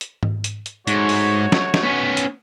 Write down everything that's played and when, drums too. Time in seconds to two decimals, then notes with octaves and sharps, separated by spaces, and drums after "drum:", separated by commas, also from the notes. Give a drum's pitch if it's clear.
0.01 drum: hi-hat
0.23 drum: tom G#2
0.44 drum: hi-hat
0.66 drum: hi-hat
0.87 G#2 A3 F#4 C#5, drum: hi-hat
1.09 drum: open hi-hat
1.52 drum: snare
1.74 drum: snare
1.83 B3 C#4
2.17 drum: hi-hat